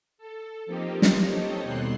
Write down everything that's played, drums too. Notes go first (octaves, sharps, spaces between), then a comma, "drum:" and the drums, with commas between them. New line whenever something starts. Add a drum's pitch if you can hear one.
A4
F3 A#3 C4 D#4 G4
drum: snare
C4 D#4 G4 A4 C#5 D#5
D#2 B2 G3 C6 F#6 C7